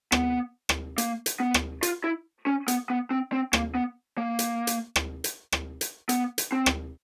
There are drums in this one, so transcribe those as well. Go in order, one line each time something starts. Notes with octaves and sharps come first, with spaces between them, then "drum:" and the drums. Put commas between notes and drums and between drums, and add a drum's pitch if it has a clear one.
B3, drum: rim click
drum: rim click
A#3, drum: hi-hat
drum: hi-hat
B3
drum: rim click
F4, drum: hi-hat
E4
C#4
B3, drum: hi-hat
B3
C4
C4
A#3, drum: rim click
B3
A#3
drum: hi-hat
drum: hi-hat
drum: rim click
drum: hi-hat
drum: rim click
drum: hi-hat
B3, drum: hi-hat
drum: hi-hat
C4
drum: rim click